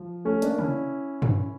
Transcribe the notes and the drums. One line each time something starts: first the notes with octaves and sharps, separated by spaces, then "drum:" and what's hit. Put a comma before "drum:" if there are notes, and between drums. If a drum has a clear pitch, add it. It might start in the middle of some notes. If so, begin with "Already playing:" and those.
Already playing: F3
A3 C#4
A#3 D4, drum: hi-hat
C#4 E4, drum: tom C3
drum: tom